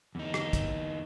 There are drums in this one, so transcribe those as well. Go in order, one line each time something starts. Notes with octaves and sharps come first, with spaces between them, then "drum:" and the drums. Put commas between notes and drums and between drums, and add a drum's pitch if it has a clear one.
E2 D#4
drum: rim click
drum: kick, hi-hat